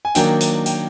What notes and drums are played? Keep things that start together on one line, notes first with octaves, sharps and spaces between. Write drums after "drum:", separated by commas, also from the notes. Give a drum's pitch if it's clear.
G#5
D#3 F#3 A#3 D4 G5, drum: hi-hat
drum: hi-hat
G5, drum: hi-hat